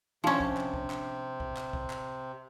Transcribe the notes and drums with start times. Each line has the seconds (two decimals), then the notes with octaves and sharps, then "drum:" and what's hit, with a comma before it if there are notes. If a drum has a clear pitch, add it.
0.24 C3 F3 C#4 D4
0.40 drum: kick
0.57 drum: clap
0.74 drum: kick
0.90 drum: clap
1.40 drum: kick
1.57 drum: clap
1.73 drum: kick
1.90 drum: clap